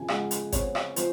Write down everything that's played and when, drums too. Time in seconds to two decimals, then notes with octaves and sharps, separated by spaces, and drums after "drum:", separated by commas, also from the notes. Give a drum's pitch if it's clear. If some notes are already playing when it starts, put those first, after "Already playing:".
Already playing: C#3 F3 G#5
0.08 G#3 F#5, drum: rim click
0.31 drum: hi-hat
0.52 C4 C#5, drum: kick G#1, hi-hat
0.75 drum: rim click
0.96 F3 C5, drum: hi-hat